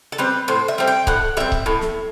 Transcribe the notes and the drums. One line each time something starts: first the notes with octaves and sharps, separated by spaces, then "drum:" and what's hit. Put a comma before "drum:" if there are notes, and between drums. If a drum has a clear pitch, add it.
A4
G3 C4 B4
A2 C5
E5
G3 C4
G5
A2 F#5, drum: kick C#1
G3 C4 E5
drum: kick C#1
A2
drum: snare